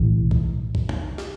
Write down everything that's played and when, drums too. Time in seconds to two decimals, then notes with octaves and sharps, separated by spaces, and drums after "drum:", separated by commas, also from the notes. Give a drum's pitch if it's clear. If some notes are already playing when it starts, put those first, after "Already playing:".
Already playing: B1 A2 E3
0.31 drum: kick A#1
0.75 drum: kick A#1
0.89 drum: tom E2
1.18 drum: snare